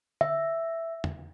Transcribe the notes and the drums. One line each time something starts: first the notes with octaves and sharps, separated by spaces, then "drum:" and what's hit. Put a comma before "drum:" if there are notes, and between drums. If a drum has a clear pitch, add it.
E5, drum: tom D3
drum: tom